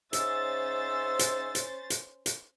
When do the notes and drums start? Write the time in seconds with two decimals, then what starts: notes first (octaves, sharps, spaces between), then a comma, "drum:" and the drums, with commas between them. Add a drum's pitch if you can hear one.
0.13 G#2 C#4 C5 E5 E6 A6, drum: hi-hat
1.19 drum: hi-hat
1.55 drum: hi-hat
1.90 drum: hi-hat
2.26 drum: hi-hat